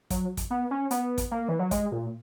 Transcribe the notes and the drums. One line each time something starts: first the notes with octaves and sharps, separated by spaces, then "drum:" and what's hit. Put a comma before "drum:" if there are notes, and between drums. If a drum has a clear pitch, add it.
F#3, drum: kick, hi-hat
drum: kick, hi-hat
B3
C#4
B3, drum: hi-hat
drum: kick, hi-hat
A#3
E3
F#3
G#3, drum: kick, hi-hat
A#2